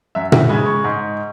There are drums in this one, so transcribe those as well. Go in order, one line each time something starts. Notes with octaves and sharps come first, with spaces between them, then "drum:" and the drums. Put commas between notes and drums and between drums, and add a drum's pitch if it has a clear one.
F#2 E5
E5, drum: tom A#2
C#3 G#3 B5
C#6
G#2